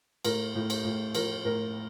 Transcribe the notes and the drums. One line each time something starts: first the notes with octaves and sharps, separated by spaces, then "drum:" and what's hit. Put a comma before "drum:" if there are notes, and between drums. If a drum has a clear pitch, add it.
A2 A#4, drum: cymbal
A2
drum: cymbal
A2
F3 A#4, drum: cymbal
A2 A#4